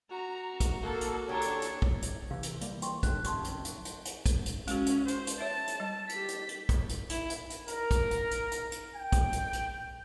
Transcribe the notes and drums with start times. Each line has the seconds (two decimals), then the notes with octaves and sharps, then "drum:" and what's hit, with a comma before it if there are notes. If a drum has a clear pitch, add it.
0.11 F#4 A#5
0.60 drum: kick, hi-hat
0.84 A#3 A4
1.01 drum: hi-hat
1.29 D#3 D4 G4 A4 C#5 A#5
1.42 drum: hi-hat
1.62 drum: hi-hat
1.82 drum: kick
2.02 drum: hi-hat
2.31 C3 E3 F5
2.43 drum: hi-hat
2.61 E3 G3 A#3, drum: hi-hat
2.82 G5 C6 C#6, drum: hi-hat
3.03 D#2 A2 D3 F#6, drum: kick, hi-hat
3.24 F1 F#2 C3 A5 C6 C#6, drum: hi-hat
3.44 drum: hi-hat
3.65 drum: hi-hat
3.85 drum: hi-hat
4.05 drum: hi-hat
4.26 drum: kick, hi-hat
4.46 drum: hi-hat
4.68 G#3 C#4 F#4, drum: hi-hat
4.86 drum: hi-hat
5.08 C5, drum: hi-hat
5.27 drum: hi-hat
5.40 C#5 E5 A5
5.68 drum: hi-hat
5.80 G3
6.09 G4 B6, drum: hi-hat
6.28 drum: hi-hat
6.49 drum: hi-hat
6.69 drum: kick, hi-hat
6.89 drum: hi-hat
7.10 E4, drum: hi-hat
7.30 drum: hi-hat
7.50 drum: hi-hat
7.68 A#4, drum: hi-hat
7.91 drum: kick, hi-hat
8.11 drum: hi-hat
8.31 drum: hi-hat
8.52 drum: hi-hat
8.72 drum: hi-hat
8.96 G5
9.12 drum: kick, hi-hat
9.33 drum: hi-hat
9.53 drum: hi-hat